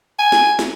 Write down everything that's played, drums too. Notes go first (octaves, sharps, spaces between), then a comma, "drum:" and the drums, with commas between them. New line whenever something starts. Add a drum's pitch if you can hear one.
G#5
drum: snare
drum: snare